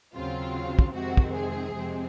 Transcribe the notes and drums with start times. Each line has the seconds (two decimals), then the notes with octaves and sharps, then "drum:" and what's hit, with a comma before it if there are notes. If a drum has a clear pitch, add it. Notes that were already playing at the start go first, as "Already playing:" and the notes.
0.15 D#2 C#3 F#3 C4 F4
0.79 drum: kick
0.94 F2 C3 D#3 G#3 C4 F#4
1.17 drum: kick
1.34 G#4
1.73 F2 C3 F3 G#3 C4